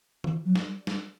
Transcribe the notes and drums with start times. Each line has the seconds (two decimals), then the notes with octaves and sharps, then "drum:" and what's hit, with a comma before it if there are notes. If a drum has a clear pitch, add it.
0.24 E3, drum: tom D3
0.45 F#3
0.55 drum: snare
0.66 G3
0.87 drum: snare